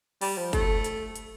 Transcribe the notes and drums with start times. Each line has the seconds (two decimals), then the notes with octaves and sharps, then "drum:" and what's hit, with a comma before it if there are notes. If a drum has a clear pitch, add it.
0.21 G3, drum: open hi-hat
0.37 F3
0.53 A3, drum: kick, hi-hat
0.84 drum: hi-hat
1.16 drum: hi-hat